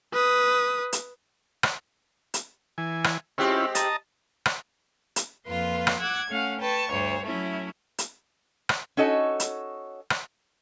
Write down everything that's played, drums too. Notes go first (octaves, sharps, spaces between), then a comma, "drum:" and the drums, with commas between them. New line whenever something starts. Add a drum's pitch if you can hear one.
B4 D#6
drum: hi-hat
drum: rim click
drum: hi-hat
E3 G#5
drum: rim click
G#3 C4 C#4 E4 F4 G4
D#5 A5 A#5, drum: hi-hat
drum: rim click
drum: hi-hat
F2 A#3 F4 B4 C6
drum: rim click
F#5 D6 E6 F#6 G#6
A3 C#4 F5 F#5
B4 G5 A5 C#6
D2 G2 C5 C#5
F#3 A3 C#4 E4
drum: hi-hat
drum: rim click
C#4 D#4 F#4 A4 C#5 D#5
drum: hi-hat
drum: rim click